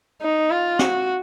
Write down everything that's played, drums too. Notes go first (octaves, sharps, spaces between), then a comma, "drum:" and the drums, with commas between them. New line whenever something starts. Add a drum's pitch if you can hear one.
D#4
F4
F#4, drum: snare